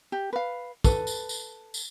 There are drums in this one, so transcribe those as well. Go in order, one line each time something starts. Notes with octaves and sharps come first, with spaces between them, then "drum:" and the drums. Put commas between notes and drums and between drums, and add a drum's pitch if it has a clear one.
G4
B4 F5
A4 B4, drum: kick, tambourine
drum: tambourine
drum: tambourine
drum: tambourine